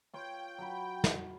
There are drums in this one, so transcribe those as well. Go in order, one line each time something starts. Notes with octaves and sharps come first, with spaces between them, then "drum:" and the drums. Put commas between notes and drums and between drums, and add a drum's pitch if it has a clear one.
F4 C#5 G5
F#3 B5
drum: snare